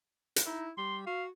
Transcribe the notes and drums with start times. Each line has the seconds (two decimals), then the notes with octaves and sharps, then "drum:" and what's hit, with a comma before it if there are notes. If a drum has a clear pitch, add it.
0.36 drum: hi-hat
0.46 D#4 E4
0.78 G3 C6
1.07 F#4 F5